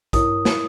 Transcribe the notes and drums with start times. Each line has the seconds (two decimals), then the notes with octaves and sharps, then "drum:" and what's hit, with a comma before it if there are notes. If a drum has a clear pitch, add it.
0.13 E4 A#4 C#5 D#6, drum: kick A#1, hi-hat
0.45 drum: snare